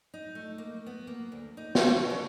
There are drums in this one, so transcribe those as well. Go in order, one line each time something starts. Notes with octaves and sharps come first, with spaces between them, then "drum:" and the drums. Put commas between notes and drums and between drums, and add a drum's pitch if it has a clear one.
D#4
A3
A#3
B3
A#3
D2
D#4
drum: snare
C#5
D3